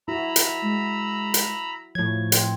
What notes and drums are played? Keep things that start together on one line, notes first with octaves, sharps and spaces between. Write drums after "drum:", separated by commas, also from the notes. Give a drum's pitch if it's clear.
E4 F#4 A#5 B5 E6
drum: hi-hat
G#3
drum: hi-hat
A2 F3 C#5 G#6
C4, drum: hi-hat